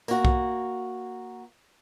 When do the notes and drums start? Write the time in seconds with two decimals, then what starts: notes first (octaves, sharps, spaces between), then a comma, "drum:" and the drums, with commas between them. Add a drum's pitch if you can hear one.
0.08 A#3 F#4, drum: tambourine
0.25 drum: kick B1